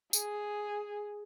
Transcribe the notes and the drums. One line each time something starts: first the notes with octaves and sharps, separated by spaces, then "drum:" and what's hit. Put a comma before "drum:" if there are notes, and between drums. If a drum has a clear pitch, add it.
G#4, drum: tambourine